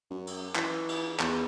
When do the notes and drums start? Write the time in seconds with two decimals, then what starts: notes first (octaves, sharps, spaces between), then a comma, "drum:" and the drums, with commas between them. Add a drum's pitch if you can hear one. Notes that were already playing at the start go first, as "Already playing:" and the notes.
0.11 F#2
0.27 drum: cymbal
0.55 E3, drum: clap
0.89 drum: cymbal
1.20 E2, drum: clap